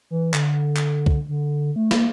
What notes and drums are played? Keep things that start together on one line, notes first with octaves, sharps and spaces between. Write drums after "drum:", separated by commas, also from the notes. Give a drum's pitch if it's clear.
E3
D3, drum: clap
drum: clap
drum: kick
D3
A3
A#3, drum: snare